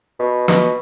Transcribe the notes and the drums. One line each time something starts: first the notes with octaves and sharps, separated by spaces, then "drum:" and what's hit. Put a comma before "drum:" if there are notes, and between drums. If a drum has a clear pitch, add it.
B2
B2, drum: snare